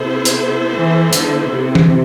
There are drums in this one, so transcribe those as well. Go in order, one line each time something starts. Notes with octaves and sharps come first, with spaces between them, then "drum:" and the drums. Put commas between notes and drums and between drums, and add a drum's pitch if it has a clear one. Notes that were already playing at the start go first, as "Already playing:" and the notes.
Already playing: C3 B3 E4 A4 C5
drum: hi-hat
E3
D3, drum: hi-hat
C3
drum: tom E3